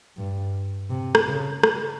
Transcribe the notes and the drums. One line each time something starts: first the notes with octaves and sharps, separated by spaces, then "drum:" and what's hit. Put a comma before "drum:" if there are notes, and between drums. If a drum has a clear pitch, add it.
G2
C3
drum: rim click
C#3
drum: rim click